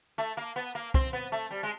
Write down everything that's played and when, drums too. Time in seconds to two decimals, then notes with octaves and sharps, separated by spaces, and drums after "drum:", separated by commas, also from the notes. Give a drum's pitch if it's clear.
0.18 A3, drum: hi-hat
0.37 A#3
0.56 B3
0.75 A#3
0.94 C4, drum: kick, hi-hat
1.13 B3
1.32 A3
1.51 G3
1.63 G#3